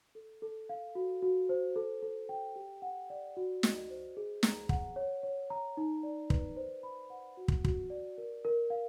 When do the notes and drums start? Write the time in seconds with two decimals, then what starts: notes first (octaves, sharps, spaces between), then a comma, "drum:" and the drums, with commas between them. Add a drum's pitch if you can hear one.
0.15 A4
0.42 A4
0.69 F5
0.95 F#4
1.22 F#4
1.49 C5
1.76 A4
2.03 A4
2.29 G5
2.56 G4
2.82 F#5
3.10 D5
3.37 F#4
3.63 D#5, drum: snare
3.90 C5
4.17 G#4
4.43 A#5, drum: snare
4.69 F#5, drum: kick
4.96 C#5
5.23 C#5
5.50 A#5
5.77 D#4
6.03 D5
6.30 B4, drum: kick
6.57 C5
6.83 B5
7.10 F#5
7.37 F#4
7.48 drum: kick
7.64 F#4, drum: kick
7.90 D5
8.18 A#4
8.45 A#4
8.70 F5